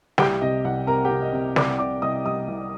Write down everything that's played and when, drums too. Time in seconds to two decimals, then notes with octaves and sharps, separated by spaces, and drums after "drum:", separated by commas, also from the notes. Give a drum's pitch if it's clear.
0.18 C2 G4 G5, drum: snare
0.41 C3 D#5
0.64 C2 F#5
0.87 C3 A#4 A#5
1.05 G4 G5
1.11 C3
1.22 D#5
1.33 C3
1.56 C2 D5 D6, drum: snare
1.79 C3 D5 D6
2.02 C2 D#5 D#6
2.25 G3 D#5 D#6
2.48 C2